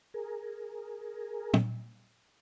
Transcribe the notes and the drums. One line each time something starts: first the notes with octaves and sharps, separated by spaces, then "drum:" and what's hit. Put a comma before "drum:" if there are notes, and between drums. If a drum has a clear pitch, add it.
G#4 A#4
drum: tom